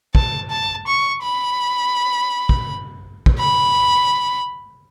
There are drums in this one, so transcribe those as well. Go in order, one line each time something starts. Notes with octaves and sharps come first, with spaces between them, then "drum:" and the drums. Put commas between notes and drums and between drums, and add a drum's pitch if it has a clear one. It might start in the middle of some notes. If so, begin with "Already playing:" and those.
A5, drum: kick
A5
C#6
B5
drum: kick
drum: kick
B5